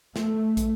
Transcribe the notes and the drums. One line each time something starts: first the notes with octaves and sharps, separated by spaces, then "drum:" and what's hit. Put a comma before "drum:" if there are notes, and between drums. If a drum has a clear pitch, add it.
A3, drum: snare
drum: kick, hi-hat